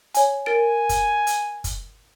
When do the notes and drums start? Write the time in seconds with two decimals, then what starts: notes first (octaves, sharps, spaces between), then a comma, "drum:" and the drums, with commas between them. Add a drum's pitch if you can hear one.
0.14 C#5 G#5, drum: hi-hat
0.46 A#4 G#5 A6 D7
0.89 drum: kick, hi-hat
1.27 drum: hi-hat
1.64 drum: kick, hi-hat